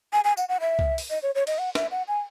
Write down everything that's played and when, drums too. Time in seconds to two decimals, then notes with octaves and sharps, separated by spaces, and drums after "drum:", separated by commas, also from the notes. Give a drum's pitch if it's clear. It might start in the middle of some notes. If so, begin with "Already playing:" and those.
0.13 G#5
0.24 G#5
0.37 F#5, drum: tambourine
0.49 F#5
0.61 E5
0.79 drum: kick C2
0.98 drum: open hi-hat
1.10 D#5
1.23 C#5
1.35 C#5
1.47 D#5, drum: cymbal
1.59 F#5
1.75 E5, drum: snare
1.91 F#5
2.08 G#5